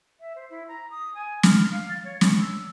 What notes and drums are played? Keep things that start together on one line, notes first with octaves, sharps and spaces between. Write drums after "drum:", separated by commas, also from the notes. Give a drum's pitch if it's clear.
E5
C5
E4
A#5
D#6
G#5
F6, drum: snare
F5
A6
C#5
C#4, drum: snare
E6